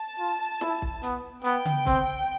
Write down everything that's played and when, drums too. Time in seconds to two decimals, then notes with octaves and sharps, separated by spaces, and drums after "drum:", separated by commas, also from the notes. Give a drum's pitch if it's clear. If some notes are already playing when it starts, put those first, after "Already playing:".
Already playing: A5
0.19 F4
0.61 E4, drum: snare
0.82 drum: kick
1.03 B3, drum: hi-hat
1.44 B3 G5, drum: hi-hat
1.65 drum: tom C#3
1.86 C4, drum: kick, hi-hat